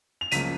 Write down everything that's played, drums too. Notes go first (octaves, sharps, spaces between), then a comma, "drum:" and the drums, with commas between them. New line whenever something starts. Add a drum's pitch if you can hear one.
F7
C#2 C#3 F3 A#3 B6 D#7, drum: hi-hat